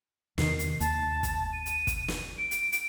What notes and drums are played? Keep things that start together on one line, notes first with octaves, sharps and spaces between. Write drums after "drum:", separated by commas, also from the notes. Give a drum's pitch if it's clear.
E2 C3 D#3 C7, drum: snare
drum: hi-hat
D#2 A5, drum: hi-hat
drum: kick, hi-hat
D#7
drum: hi-hat
drum: kick, hi-hat
drum: snare
D7
drum: hi-hat
drum: hi-hat